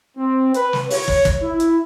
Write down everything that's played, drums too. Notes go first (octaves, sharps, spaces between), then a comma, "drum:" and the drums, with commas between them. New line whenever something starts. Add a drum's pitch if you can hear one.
C4
B4, drum: hi-hat
drum: snare
C#5, drum: open hi-hat
drum: kick
drum: kick, hi-hat
E4
drum: hi-hat